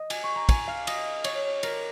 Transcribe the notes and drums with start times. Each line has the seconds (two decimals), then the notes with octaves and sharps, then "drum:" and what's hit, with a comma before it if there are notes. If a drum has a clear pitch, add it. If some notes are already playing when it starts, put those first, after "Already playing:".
Already playing: D#5
0.10 G#5, drum: cymbal
0.24 C#6
0.35 A#5
0.49 G#5, drum: kick, cymbal
0.68 F5
0.87 D#5, drum: cymbal
1.24 C#5, drum: cymbal
1.63 A#4, drum: cymbal